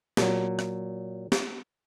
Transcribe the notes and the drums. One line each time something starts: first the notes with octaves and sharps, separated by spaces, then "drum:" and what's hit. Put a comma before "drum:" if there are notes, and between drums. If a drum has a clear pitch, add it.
A#2 F#3, drum: snare
drum: rim click
drum: snare